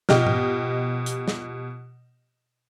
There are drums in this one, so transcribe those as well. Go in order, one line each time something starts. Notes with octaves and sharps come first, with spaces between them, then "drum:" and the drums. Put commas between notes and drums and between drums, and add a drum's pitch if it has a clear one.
B2 F3 G4 D#5 F6, drum: snare
drum: tom G#2
drum: hi-hat
drum: snare